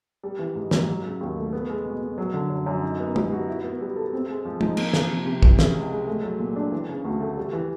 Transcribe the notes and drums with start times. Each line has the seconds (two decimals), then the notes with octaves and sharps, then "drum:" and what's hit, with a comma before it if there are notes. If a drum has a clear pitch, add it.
0.23 G3
0.39 E3
0.55 G#2
0.71 A#3, drum: snare
0.88 F#3
1.05 C#3
1.21 D#2
1.37 A3
1.53 B3
1.70 G#3
1.85 B2
2.02 B2
2.18 F#3
2.34 D3
2.50 F#2
2.66 F#2
2.83 D#4
3.00 B3
3.16 G3, drum: tom
3.32 F#4
3.48 E4
3.64 B3
3.81 G3
3.96 A4
4.13 C4
4.29 G#3
4.45 F3
4.61 D#4, drum: tom
4.77 A#3, drum: cymbal
4.93 F3, drum: snare
5.10 C3
5.26 C3
5.43 E3, drum: kick
5.59 C#3, drum: snare
5.75 C#2
5.91 G#3
6.07 A3
6.23 F#3
6.39 A#2
6.56 D4
6.72 E3
6.89 C#3
7.05 D2
7.20 A3
7.37 G3
7.53 E3